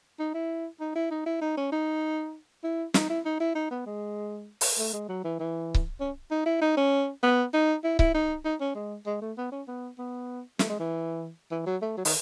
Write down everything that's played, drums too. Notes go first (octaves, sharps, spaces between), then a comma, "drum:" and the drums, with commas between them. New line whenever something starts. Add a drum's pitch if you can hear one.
D#4
E4
D#4
E4
D#4
E4
D#4
C#4
D#4
E4
D#4, drum: snare
E4
D#4
E4
D#4
B3
G#3
drum: open hi-hat
A3
G#3
F#3
E3
E3
drum: kick C#1
C#4
D#4
E4
D#4
C#4
B3
D#4
E4
E4, drum: kick C#1
D#4
D#4
C#4
G#3
G#3
A3
B3
C#4
B3
B3
A3, drum: snare
G#3
E3
E3
F#3
A3
F#3
D#3, drum: open hi-hat